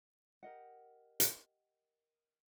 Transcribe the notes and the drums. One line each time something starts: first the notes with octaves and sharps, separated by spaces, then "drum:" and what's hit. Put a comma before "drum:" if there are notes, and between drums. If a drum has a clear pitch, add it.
G4 A#4 D#5 F#5
drum: hi-hat